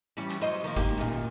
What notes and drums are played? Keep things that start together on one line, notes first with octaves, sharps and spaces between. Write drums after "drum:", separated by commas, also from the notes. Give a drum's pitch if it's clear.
E3 G3 C#4
drum: clap
F#3 C5 D#5
drum: tambourine
D#3 F3 A#3
G#2 A#3 G4, drum: kick G1, tambourine
F#2 A#2 D#3, drum: tambourine